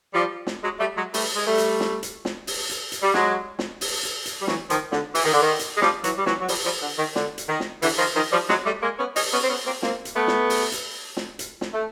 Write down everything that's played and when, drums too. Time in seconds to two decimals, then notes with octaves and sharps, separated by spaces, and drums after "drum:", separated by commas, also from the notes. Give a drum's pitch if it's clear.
0.14 F3 G3
0.47 drum: snare
0.63 F#3 G#3
0.80 G3 A3
0.97 F#3 G#3
1.14 G3 A3, drum: open hi-hat
1.36 G#3
1.47 G3 A3
1.58 drum: hi-hat
1.80 drum: snare
2.03 drum: hi-hat
2.25 drum: snare
2.47 drum: open hi-hat
2.70 drum: hi-hat
2.92 drum: hi-hat
3.02 G3
3.14 F#3 G#3, drum: snare
3.59 drum: snare
3.81 drum: open hi-hat
4.03 drum: hi-hat
4.26 drum: hi-hat
4.41 G3
4.47 E3 F#3, drum: snare
4.70 D#3 F3, drum: hi-hat
4.92 D3, drum: snare
5.15 E3, drum: open hi-hat
5.24 D#3
5.33 D3
5.42 D#3
5.59 drum: hi-hat
5.76 G#3
5.82 F3 G3, drum: snare
6.04 E3 F#3, drum: hi-hat
6.18 G3
6.26 E3 F#3, drum: snare
6.41 F#3
6.48 F3 G3, drum: open hi-hat
6.65 F3 G3
6.82 D3
6.98 D#3
7.16 D3, drum: snare
7.38 drum: hi-hat
7.49 D#3
7.60 drum: snare
7.82 D3 E3, drum: open hi-hat
7.98 D#3 F3
8.15 D#3 F3
8.32 F3 G3
8.49 F#3 G#3, drum: snare
8.66 G3 A3
8.82 G#3 A#3
8.99 B3 C#4
9.16 C#4 D#4, drum: open hi-hat
9.33 B3 C#4
9.43 C4
9.49 B3 C#4
9.66 A#3 C4
9.82 A#3 C4, drum: snare
10.05 drum: hi-hat
10.16 A3 B3
10.27 drum: snare
10.50 drum: open hi-hat
10.72 drum: hi-hat
11.17 drum: snare
11.39 drum: hi-hat
11.61 drum: snare
11.74 A3